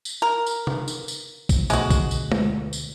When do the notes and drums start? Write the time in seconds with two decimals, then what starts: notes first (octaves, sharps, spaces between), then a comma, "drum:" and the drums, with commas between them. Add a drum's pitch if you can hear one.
0.05 drum: tambourine
0.22 A#4
0.46 drum: tambourine
0.67 drum: tom C3
0.88 drum: tambourine
1.08 drum: tambourine
1.49 drum: kick A#1, tambourine
1.70 D2 B2 G#3 A3 F#4, drum: tambourine
1.90 drum: kick A#1, tambourine
2.11 drum: tambourine
2.32 drum: tom G#3
2.73 drum: tambourine